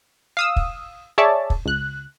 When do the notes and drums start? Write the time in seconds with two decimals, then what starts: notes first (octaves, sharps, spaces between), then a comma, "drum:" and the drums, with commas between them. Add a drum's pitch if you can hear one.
0.37 F5 D#6 E6
0.56 drum: kick
1.18 G#4 C#5 D5 E5 A5
1.50 drum: kick
1.66 C#2 F#6